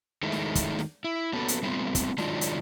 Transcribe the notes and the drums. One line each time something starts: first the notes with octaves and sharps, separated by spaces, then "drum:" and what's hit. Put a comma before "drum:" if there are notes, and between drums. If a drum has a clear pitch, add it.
D#3 G#3 A3 E4
drum: snare
drum: kick, hi-hat
drum: snare
E4
A#3 B3 C#4 F#4 A4 B4
drum: hi-hat
G3 A3 B3 C4 E4 F4
drum: kick, hi-hat
D#3 F#3 G#3 D4 D#4 F4, drum: snare
drum: hi-hat